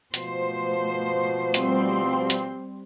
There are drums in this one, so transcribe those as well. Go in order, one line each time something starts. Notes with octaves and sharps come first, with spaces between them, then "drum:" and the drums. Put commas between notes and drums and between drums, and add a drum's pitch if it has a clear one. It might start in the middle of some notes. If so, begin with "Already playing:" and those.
B2 F3 A3 C5, drum: hi-hat
G3 C4 C6, drum: hi-hat
drum: hi-hat